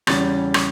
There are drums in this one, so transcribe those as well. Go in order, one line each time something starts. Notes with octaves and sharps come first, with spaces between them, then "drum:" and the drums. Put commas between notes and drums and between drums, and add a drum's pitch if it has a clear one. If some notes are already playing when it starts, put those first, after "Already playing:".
E2 C#3 G3 C#4 A6, drum: rim click
drum: rim click